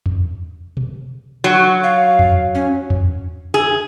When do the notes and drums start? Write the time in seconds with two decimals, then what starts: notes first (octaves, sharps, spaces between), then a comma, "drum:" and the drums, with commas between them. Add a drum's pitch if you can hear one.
0.06 drum: tom E2
0.77 drum: tom B2
1.44 F#3
1.83 F5
2.19 drum: tom E2
2.55 C#4
2.90 drum: tom E2
3.54 G#4